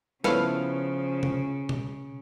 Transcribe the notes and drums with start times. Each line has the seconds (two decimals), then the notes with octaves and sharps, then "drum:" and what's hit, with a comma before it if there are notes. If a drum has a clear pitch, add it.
0.24 C#3 F3 B3 E4 A4 B4 C#5 F5, drum: snare
1.23 drum: tom C3
1.69 drum: tom B2